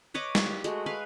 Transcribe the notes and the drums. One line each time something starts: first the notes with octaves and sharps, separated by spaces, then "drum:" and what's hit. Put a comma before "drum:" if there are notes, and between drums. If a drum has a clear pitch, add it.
B4 C#5 D#5 D6
drum: snare
G4
G#3 A3 F#4, drum: hi-hat
B4 F5 G#5